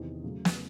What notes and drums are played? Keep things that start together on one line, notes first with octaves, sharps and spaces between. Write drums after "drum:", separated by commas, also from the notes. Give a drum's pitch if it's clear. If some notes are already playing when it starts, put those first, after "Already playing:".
Already playing: E2 C3 D#3
C#3 F#3 A3
drum: snare